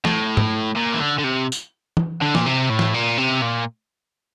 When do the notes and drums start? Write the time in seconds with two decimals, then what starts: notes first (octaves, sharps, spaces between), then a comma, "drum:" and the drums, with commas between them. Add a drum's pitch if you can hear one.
0.05 A2, drum: snare
0.37 drum: tom G#2
0.76 A#2
0.94 E3
1.00 D3
1.18 D3
1.24 C3
1.52 drum: tambourine
1.97 drum: tom E3
2.22 D3
2.35 A#2, drum: snare
2.46 C3
2.70 A2
2.79 drum: snare
2.94 A#2
3.18 C3
3.42 A#2